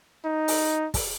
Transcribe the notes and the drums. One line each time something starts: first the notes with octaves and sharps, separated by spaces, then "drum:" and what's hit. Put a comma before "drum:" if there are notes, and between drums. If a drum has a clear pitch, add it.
D#4
drum: open hi-hat
drum: kick, open hi-hat